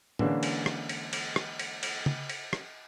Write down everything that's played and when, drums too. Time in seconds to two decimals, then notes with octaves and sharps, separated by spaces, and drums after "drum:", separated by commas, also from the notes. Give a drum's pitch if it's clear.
0.19 D3 E3 G#3 A#3 C#4 D4, drum: tom A2
0.43 drum: cymbal
0.66 drum: rim click
0.89 drum: cymbal
1.13 drum: cymbal
1.36 drum: rim click
1.59 drum: cymbal
1.83 drum: cymbal
2.06 drum: tom
2.29 drum: cymbal
2.53 drum: rim click